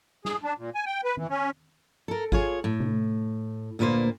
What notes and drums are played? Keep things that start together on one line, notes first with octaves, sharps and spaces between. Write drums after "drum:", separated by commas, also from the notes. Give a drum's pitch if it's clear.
G#4, drum: snare
D4
A#2
G#5
G5
B4
E3, drum: tom D#3
C#4
A4 A#4
F4 G#4 C#5, drum: kick G#1
A2
drum: tom
D2 A#2 A#3 B4 C5